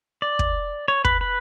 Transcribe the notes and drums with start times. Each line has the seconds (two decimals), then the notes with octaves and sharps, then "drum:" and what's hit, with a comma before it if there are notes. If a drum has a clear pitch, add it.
0.22 D5
0.39 drum: kick
0.88 C#5
1.05 B4, drum: kick
1.21 B4